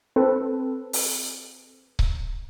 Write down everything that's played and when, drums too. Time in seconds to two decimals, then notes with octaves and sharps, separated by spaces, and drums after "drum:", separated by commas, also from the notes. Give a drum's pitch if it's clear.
0.16 C4 A4 B4
0.93 drum: open hi-hat
1.99 drum: kick C#1